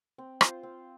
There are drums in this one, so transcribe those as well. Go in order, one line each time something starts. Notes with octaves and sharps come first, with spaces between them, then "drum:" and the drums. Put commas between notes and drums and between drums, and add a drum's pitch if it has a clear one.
C4
F4 C5 F5, drum: rim click
C4